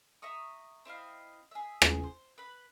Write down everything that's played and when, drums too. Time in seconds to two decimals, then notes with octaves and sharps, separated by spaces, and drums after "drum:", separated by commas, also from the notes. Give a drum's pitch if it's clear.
0.22 E5 A#5 C#6 D#6
0.85 C4 E4 D#5 F5
1.51 G#4 E5
1.82 G#4, drum: rim click
2.03 C5
2.38 B4 B5